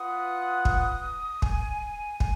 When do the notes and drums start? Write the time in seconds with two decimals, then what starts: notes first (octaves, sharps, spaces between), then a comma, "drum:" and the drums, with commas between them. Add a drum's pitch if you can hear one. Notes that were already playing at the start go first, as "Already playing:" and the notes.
Already playing: F4 B4 F#5 D#6
0.65 drum: kick
1.42 G#5, drum: kick
2.20 G#5, drum: kick